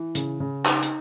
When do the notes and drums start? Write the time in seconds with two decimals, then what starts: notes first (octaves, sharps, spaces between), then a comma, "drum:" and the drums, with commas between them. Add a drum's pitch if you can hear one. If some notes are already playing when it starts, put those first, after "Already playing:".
Already playing: E3
0.15 C#3, drum: hi-hat
0.40 C#3
0.65 D#4, drum: clap
0.83 drum: hi-hat